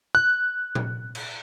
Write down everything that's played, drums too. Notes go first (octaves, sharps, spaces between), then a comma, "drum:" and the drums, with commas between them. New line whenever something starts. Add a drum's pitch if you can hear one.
F#6
drum: tom A#2
drum: cymbal